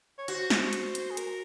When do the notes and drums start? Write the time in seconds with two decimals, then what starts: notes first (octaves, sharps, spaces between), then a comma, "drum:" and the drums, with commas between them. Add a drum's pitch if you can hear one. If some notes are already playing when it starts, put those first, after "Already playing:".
0.18 C#5
0.28 F#4 C5, drum: hi-hat
0.50 drum: snare
0.73 drum: hi-hat
0.95 drum: hi-hat
1.11 G#4
1.17 A#4, drum: hi-hat